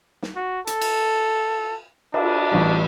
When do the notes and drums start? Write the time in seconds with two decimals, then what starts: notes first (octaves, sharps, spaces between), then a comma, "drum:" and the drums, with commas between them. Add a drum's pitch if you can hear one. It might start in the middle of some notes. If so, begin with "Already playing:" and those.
0.22 drum: snare
0.36 F#4
0.67 A4, drum: hi-hat
0.81 drum: cymbal
2.14 D4, drum: cymbal
2.52 A1 G3